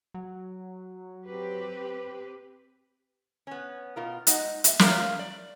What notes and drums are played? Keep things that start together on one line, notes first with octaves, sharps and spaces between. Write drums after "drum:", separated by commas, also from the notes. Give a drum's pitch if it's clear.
F#3
C4 G4 B4
B3 C#4
B2 F4 A#4
G#3 D#4 D#5 F#5, drum: hi-hat
D#5 E5, drum: hi-hat
A3 D4 F4 A#4 F5 A#5, drum: snare
D5